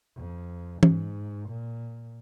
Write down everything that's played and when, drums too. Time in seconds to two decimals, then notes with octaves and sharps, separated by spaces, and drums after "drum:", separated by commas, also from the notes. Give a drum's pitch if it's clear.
0.17 F2
0.83 G#2, drum: tom
1.49 A#2